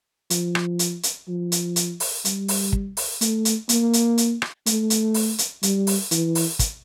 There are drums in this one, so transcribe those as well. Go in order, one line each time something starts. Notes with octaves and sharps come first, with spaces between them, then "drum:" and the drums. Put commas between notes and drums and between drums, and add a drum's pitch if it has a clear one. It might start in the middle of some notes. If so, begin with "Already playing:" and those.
F3, drum: hi-hat
drum: rim click
drum: hi-hat
drum: hi-hat
F3
drum: hi-hat
drum: hi-hat
drum: open hi-hat
G3, drum: hi-hat
drum: open hi-hat
drum: kick
drum: open hi-hat
A3, drum: hi-hat
drum: hi-hat
A#3, drum: hi-hat
drum: hi-hat
drum: hi-hat
drum: rim click
A3, drum: hi-hat
drum: hi-hat
drum: open hi-hat
drum: hi-hat
G3, drum: hi-hat
drum: open hi-hat
E3, drum: hi-hat
drum: open hi-hat
drum: kick, hi-hat